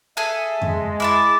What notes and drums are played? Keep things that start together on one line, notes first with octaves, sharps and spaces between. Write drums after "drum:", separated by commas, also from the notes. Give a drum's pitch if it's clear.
G#4 A4 E5 G#5
G#3, drum: tom F2
E4 E5 A5 D6